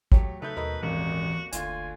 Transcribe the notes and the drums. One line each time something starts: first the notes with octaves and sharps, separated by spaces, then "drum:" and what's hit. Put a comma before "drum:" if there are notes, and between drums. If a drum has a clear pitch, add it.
F#3 A3 G4, drum: kick
C#3 D#4 A4 B4 E5 G6
D#2 B2 A4 A#4 D#5 B5
D#1 G#1 E3 A#3 F#4
F1 D2 F4 G#5, drum: hi-hat